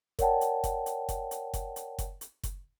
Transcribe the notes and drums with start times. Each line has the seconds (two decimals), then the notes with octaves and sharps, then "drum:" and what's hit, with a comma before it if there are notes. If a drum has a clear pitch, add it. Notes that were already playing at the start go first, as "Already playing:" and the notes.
0.19 A#4 C#5 D5 F#5 G5 A5, drum: kick F#1, hi-hat
0.41 drum: hi-hat
0.64 drum: kick F#1, hi-hat
0.86 drum: hi-hat
1.09 drum: kick F#1, hi-hat
1.31 drum: hi-hat
1.54 drum: kick F#1, hi-hat
1.76 drum: hi-hat
1.98 drum: kick F#1, hi-hat
2.21 drum: hi-hat
2.43 drum: kick F#1, hi-hat